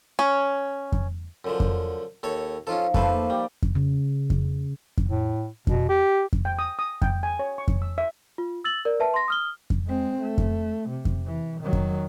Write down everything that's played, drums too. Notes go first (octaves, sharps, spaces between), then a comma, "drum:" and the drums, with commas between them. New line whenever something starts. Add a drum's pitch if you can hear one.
C#4
drum: kick F2
F#2 D3 F3
drum: kick F2
D#2 A4 C#5
F3 C#4 D#4 F4 A4
A3 A#3 A4 B4 C5, drum: kick F2
G3 G4 D5
drum: kick F2
C#3
drum: kick F2
drum: kick F2
A2
B2, drum: kick F2
G4
drum: kick F2
G5
D#6
D#6
G5, drum: kick F2
G#5
C#5
C#6
drum: kick F2
E6
E5
F4
E6 A6 F#7
A#4 D5
B4 E5 A5
C6 A#6
D#6 F6 G7
drum: kick F2
G#3 C4
A3
drum: kick F2
C3
drum: kick F2
E3
D#3 F#3
drum: kick F2